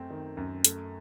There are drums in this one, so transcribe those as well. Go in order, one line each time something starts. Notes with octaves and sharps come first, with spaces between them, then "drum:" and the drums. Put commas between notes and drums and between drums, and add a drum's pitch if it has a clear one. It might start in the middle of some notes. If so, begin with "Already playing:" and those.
Already playing: F#2 A3 C4
D#3
F#2
A3, drum: hi-hat